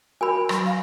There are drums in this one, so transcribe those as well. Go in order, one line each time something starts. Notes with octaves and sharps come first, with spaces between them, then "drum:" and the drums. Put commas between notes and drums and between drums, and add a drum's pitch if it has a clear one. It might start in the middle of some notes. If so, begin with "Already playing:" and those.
F#4 A#4 G#5 B5 E6
F#3, drum: rim click
F5 A#6